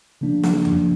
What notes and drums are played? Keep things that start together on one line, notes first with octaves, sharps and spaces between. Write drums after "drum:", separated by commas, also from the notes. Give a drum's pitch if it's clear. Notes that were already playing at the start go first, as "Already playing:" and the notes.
C#3 F3 A#3 D4
drum: snare
C#3 F3 A#3 D4, drum: tom E2